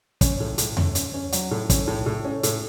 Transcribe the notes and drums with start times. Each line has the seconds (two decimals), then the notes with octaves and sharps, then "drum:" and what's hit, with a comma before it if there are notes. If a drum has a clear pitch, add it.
0.21 C#4, drum: kick, hi-hat
0.40 A2
0.58 A2, drum: hi-hat
0.77 C#4, drum: tom E2
0.95 C#4, drum: hi-hat
1.14 C#4
1.32 F#3, drum: hi-hat
1.51 A2
1.70 C#4, drum: kick, hi-hat
1.88 A2
2.06 A2
2.25 C#4
2.43 A2, drum: hi-hat